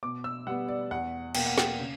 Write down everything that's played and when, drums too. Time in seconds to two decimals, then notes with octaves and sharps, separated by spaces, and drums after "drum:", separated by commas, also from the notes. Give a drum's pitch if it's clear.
0.03 B2 D6
0.24 E6
0.47 G3 B3 F#5
0.68 D5
0.91 E2 F#5
1.35 B2 A#3 G5, drum: cymbal
1.46 F#5
1.58 G5, drum: snare
1.79 C#3